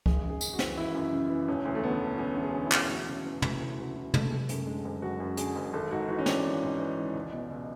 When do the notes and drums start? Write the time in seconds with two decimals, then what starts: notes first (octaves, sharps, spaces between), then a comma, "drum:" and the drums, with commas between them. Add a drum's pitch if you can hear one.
0.06 G#1 G#4, drum: kick C#2
0.23 F#2
0.30 G#4
0.41 C#3, drum: tambourine
0.53 F#4
0.59 E3, drum: snare
0.77 G#1 E4
0.94 F#2
1.13 C#3
1.30 E3
1.48 E1 C#4
1.65 D2
1.75 A3
1.83 D3 B3
2.00 E1
2.18 E1 C#4
2.36 D2
2.43 G#4
2.54 D3
2.66 E4
2.72 E1, drum: clap
2.89 D2 F#4
3.07 C#3
3.26 E3
3.42 D2, drum: tom
3.60 D2 E4
3.79 C#3 F#4
3.95 E3 E4
4.14 D2 A3, drum: tom
4.31 F#1 G#3
4.49 F#2 A3, drum: hi-hat
4.67 D3 G#3
4.85 F#1
5.02 F#1 F#4
5.20 F#2
5.37 D3 G#4, drum: hi-hat
5.56 F#1
5.73 G#1 A4
5.91 G#2 F#4
6.08 E3 F#4
6.19 C#4
6.26 G#1 D4, drum: snare
6.44 G#1
6.63 G#2
6.80 E3
6.98 G#1
7.15 C#2
7.33 B2
7.50 C#2